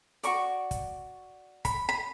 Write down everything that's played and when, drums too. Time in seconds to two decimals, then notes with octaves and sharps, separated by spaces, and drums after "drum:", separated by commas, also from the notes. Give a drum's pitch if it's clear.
0.23 F#4 A#4 D5 C#6, drum: hi-hat
0.71 drum: kick, hi-hat
1.65 B5, drum: kick, hi-hat
1.89 B5